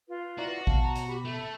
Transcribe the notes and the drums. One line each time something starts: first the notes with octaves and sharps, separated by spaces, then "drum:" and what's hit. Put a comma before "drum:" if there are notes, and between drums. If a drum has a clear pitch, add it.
F4 B4
E4 F#4 D5 A#5
B2 F5 A5, drum: kick A#1
A#5
drum: hi-hat
G4 B5
A3 E5